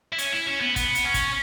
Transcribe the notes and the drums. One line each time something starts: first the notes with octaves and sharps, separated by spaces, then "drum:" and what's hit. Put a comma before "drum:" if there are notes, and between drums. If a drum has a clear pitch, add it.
E4
C#4, drum: hi-hat
E4
C#4
B3
B3, drum: kick, hi-hat
drum: hi-hat
C#4
drum: kick, hi-hat